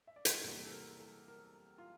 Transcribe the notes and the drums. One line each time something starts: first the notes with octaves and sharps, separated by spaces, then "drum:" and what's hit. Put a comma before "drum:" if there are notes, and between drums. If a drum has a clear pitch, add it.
E5
D5
C5, drum: hi-hat
A#4
E2 C3 E3 G3 A#3 A4
A4
A#4
A4
A#4
F4